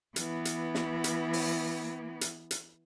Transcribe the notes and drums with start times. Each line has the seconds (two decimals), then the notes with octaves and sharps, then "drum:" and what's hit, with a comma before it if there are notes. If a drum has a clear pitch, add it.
0.16 E3 B3, drum: hi-hat
0.45 drum: hi-hat
0.75 drum: snare
1.04 drum: hi-hat
1.33 drum: open hi-hat
2.21 drum: hi-hat
2.51 drum: hi-hat